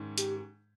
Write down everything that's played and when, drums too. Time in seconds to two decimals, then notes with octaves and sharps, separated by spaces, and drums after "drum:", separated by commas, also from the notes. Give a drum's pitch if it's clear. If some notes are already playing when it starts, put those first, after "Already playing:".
Already playing: G#2 D#3 G#3 C#4
0.18 G4, drum: hi-hat